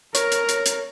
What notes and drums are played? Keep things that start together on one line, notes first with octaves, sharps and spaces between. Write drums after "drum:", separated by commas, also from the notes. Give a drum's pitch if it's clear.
A#4 C#5 A#5, drum: hi-hat
drum: hi-hat
drum: hi-hat
drum: hi-hat